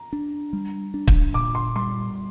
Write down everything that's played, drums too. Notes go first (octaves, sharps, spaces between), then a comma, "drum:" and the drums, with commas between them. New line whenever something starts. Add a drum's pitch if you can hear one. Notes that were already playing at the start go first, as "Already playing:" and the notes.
Already playing: A#5
D4
G3
D4
drum: kick
A#2 D6
C6
G3 C6